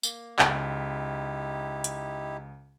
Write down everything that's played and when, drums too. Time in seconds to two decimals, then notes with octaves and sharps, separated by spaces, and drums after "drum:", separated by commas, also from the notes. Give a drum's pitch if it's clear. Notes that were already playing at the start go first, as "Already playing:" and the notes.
0.03 A#3, drum: tambourine
0.39 C#2 D#4 E4 G4 B6, drum: clap
1.84 drum: hi-hat